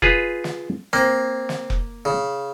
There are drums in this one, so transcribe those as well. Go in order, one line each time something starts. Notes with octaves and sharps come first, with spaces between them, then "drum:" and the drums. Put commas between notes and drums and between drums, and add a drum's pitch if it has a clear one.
F4 G#4 B4, drum: kick F1
drum: snare
A#3 C4
drum: snare
drum: kick F1
C#3